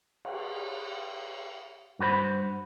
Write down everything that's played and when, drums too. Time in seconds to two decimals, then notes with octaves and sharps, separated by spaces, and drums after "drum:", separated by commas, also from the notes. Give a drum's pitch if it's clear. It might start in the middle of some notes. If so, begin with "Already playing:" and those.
0.25 drum: cymbal
1.99 G2 F#4 B4 C5 B5